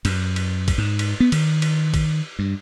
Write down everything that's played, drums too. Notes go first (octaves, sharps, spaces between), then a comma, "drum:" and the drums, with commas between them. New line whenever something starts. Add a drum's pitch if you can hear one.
F#2, drum: cymbal
drum: cymbal
drum: kick, cymbal
G#2
drum: cymbal
B3
D#3, drum: cymbal
drum: cymbal
drum: kick, cymbal
G2